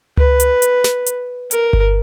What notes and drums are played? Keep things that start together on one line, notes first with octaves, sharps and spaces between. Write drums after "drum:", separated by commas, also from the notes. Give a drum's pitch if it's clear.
B4, drum: tom C#2
drum: hi-hat
drum: hi-hat
drum: snare
drum: hi-hat
A#4, drum: hi-hat
drum: kick G1